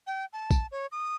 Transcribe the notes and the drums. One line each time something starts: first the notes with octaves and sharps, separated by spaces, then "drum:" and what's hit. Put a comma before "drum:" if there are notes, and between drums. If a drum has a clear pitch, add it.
G5
A5
drum: kick, tambourine
C#5
D#6